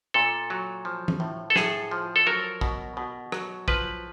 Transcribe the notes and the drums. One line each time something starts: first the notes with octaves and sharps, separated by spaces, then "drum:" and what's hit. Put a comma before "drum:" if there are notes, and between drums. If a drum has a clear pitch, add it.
A#2 A4
F#3
F3
drum: tom
A2
A4
A2 G#4, drum: snare
F3
A4
F#3 A#4
B2, drum: kick
B2
F#3, drum: rim click
F3 B4, drum: kick